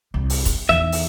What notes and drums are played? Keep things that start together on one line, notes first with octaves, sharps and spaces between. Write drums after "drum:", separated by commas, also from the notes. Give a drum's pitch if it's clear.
C2
drum: open hi-hat
drum: kick E1, hi-hat
E2 D#3 E5
drum: open hi-hat